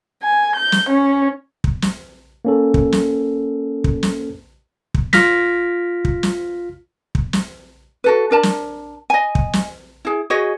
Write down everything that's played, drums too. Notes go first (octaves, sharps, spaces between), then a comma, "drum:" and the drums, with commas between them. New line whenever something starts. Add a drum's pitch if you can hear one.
G#5
G6
drum: snare
C#4
drum: kick
drum: snare
A#3 C#4 A4
drum: kick
drum: snare
drum: kick
drum: snare
drum: kick
F4 F6 A#6 B6, drum: snare
drum: kick
drum: snare
drum: kick
drum: snare
F#4 A4 B4
D4 A#4 A5
drum: snare
D#5 G#5
drum: kick
drum: snare
E4 G#4
F#4 G#4 C#5 D#5